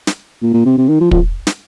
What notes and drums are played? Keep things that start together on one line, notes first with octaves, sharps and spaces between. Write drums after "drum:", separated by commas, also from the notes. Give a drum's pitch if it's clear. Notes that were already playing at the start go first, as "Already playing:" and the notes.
drum: snare
A#2
A#2
C3
C3
D#3
F3
F3, drum: kick
drum: snare